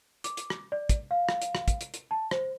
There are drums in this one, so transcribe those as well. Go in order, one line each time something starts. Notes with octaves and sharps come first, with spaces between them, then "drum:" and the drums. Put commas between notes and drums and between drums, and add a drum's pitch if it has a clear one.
D6, drum: hi-hat
drum: hi-hat
drum: rim click
D5
drum: kick, hi-hat
F5
drum: rim click
drum: hi-hat
drum: rim click
drum: kick, hi-hat
drum: hi-hat
drum: hi-hat
A5
C5, drum: rim click